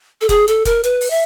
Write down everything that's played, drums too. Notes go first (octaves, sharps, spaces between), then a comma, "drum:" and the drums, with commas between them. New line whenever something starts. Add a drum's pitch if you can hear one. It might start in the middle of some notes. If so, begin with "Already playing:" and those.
A4
G#4, drum: kick F1, hi-hat
A4, drum: hi-hat
A#4, drum: kick F1, hi-hat
B4, drum: hi-hat
drum: open hi-hat
E5